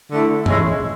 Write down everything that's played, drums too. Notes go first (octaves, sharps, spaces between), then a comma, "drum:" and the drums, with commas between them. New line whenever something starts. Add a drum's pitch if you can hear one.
D3 A3 E4
E3 G#3 C#4 E4, drum: tom G2